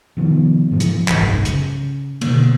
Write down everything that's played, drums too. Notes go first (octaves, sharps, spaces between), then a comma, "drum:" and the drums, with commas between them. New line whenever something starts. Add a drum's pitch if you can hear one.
C3 D#3 F3 B3
G#2 C#3 E3 F3
drum: hi-hat
F#1 C2 G#2, drum: clap
C#3, drum: hi-hat
B2 D3 A#3, drum: cymbal